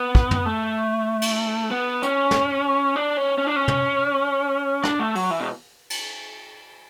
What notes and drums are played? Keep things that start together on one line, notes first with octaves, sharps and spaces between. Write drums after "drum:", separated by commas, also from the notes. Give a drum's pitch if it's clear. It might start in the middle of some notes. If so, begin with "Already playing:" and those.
Already playing: B3
drum: kick
drum: tom
A3
drum: cymbal
B3
C#4, drum: hi-hat
drum: snare
D4
C#4
C#4
D4
C#4
drum: tom
D4, drum: rim click
A3
F#3, drum: open hi-hat
E3
B2
drum: cymbal